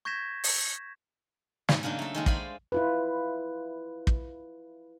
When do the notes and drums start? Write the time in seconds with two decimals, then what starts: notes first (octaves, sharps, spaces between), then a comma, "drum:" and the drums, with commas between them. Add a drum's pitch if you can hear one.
0.05 C#6 G6 G#6 A#6 B6 E7
0.44 drum: open hi-hat
1.69 G#2, drum: snare
1.83 C#3 F#3 A#3 D4 D#4
1.99 A3 A4
2.14 D#3 G#3 A#3
2.26 C5 D5 F5 G#5 B5, drum: kick
2.72 E4 F4 B4
4.07 drum: kick